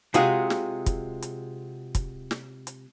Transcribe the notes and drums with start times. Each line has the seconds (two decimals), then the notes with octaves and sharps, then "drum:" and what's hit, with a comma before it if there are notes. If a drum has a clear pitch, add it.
0.14 C3 G#3 F4 F#4 G#4, drum: hi-hat
0.50 drum: snare
0.86 drum: kick, hi-hat
1.22 drum: hi-hat
1.95 drum: kick, hi-hat
2.31 drum: snare
2.67 drum: hi-hat